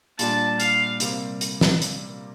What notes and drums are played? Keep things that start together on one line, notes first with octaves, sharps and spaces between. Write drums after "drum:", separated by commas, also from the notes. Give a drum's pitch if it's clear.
A#2 G3 D4 A5, drum: hi-hat
F5, drum: hi-hat
C3 G3 A#3, drum: hi-hat
drum: hi-hat
drum: snare
drum: hi-hat